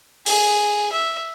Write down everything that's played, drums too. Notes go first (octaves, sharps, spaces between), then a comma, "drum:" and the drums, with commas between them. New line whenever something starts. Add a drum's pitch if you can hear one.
G#4, drum: open hi-hat
E5